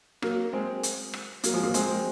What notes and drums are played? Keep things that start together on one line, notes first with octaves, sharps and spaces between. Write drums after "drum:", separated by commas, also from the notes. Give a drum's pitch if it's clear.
F#3 A#3, drum: rim click
G#3 C4
drum: hi-hat
drum: rim click
F#3 A#3, drum: hi-hat
F3 G#3
F#3 A#3
G#3 C4, drum: hi-hat